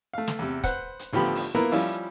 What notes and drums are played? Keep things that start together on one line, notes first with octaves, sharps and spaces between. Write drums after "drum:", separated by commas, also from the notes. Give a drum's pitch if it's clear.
A3 F5
drum: snare
E2 C3
B4 C5 F#5, drum: kick, hi-hat
drum: hi-hat
A1 D3 F3 B3 G4 B5
drum: open hi-hat
A#3 B3 E4 F4 A#4 B4
F3 G3 C#4 E4 F4, drum: open hi-hat